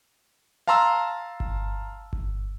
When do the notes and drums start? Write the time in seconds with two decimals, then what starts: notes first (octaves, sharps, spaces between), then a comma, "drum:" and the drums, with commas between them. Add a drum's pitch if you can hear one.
0.68 F5 A5 A#5 C6 E6
1.40 drum: kick G1
2.13 drum: kick G1